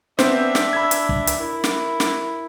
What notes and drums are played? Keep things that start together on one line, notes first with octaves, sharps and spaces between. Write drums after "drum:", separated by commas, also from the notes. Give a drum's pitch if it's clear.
B3 C4 D4 C5 E5, drum: snare
drum: snare
B5 E6 G#6
drum: hi-hat
drum: kick
drum: hi-hat
E4 A#4
drum: snare
drum: snare